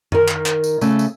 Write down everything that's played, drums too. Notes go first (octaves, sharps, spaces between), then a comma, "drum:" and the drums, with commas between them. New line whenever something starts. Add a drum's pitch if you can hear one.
D#3 A#4, drum: tom F#2
drum: clap
drum: clap
drum: tambourine
C#3 A3, drum: tambourine
drum: tambourine